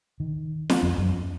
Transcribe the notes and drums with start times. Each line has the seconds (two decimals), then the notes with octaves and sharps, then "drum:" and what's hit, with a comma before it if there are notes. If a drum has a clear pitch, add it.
0.20 D#3
0.70 drum: snare
0.83 F2
0.98 F#2